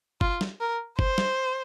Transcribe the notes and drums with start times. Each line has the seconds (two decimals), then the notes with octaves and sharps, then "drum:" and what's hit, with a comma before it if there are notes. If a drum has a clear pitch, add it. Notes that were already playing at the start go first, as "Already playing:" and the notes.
0.21 F4, drum: kick
0.41 drum: snare
0.60 A#4
0.99 C5, drum: kick
1.18 drum: snare